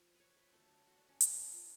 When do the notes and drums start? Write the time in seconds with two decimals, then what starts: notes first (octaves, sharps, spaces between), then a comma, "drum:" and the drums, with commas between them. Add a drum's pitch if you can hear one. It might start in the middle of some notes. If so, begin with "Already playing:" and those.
Already playing: F3
0.14 B4
0.20 C#5
0.37 B4
0.52 D3 F#3 A3 A4
0.87 F#4
0.98 D4
1.09 C#4
1.21 D4, drum: hi-hat
1.54 F4